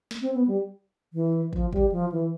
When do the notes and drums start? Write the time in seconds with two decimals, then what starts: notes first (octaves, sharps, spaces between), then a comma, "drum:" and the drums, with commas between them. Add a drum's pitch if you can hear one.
0.11 drum: snare
0.21 C4
0.34 B3
0.47 G3
1.13 E3
1.53 F3, drum: kick
1.73 G3, drum: kick
1.92 F3
2.12 E3